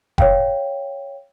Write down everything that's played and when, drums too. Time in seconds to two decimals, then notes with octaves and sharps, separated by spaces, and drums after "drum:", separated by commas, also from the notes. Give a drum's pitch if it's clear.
0.18 C#5 F5 G5, drum: kick F1